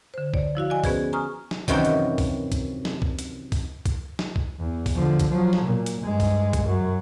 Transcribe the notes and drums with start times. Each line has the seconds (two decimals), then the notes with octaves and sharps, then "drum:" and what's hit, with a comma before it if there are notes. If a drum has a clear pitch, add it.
0.14 D3 C5
0.34 C#5 D5, drum: kick C2
0.55 F3 E4 F#4 F5
0.70 F#4 D5 D#5 G#5
0.84 B3 C#4 F#4 G#4 B4 C5, drum: kick C2, open hi-hat
1.13 G#5 A#5 C#6 D#6 F6
1.51 drum: snare
1.68 F#2 C3 D#3 E3 F#4 G5, drum: kick C2
1.85 drum: hi-hat
2.18 drum: kick C2, open hi-hat
2.52 drum: kick C2, hi-hat
2.85 drum: snare
3.02 drum: kick C2
3.19 drum: hi-hat
3.52 drum: kick C2, open hi-hat
3.86 drum: kick C2, hi-hat
4.19 drum: snare
4.36 drum: kick C2
4.59 E2
4.86 drum: kick C2, open hi-hat
4.96 D3 F3
5.19 drum: kick C2, hi-hat
5.31 F3 F#3
5.53 drum: snare
5.64 A#2
5.86 drum: hi-hat
6.02 G2 G#3
6.20 drum: kick C2, open hi-hat
6.53 drum: kick C2, hi-hat
6.64 F#2 F#3